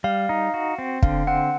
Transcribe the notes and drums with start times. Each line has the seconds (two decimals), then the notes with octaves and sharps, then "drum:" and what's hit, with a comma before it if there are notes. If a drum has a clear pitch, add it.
0.04 G3 F5
0.29 D#4
0.54 F#4
0.79 C4
1.02 D3 F5, drum: kick
1.27 C4 F#5